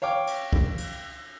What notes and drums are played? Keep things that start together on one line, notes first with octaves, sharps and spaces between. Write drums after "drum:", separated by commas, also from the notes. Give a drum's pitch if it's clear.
C#5 F5 G5 D6
drum: cymbal
drum: kick
drum: cymbal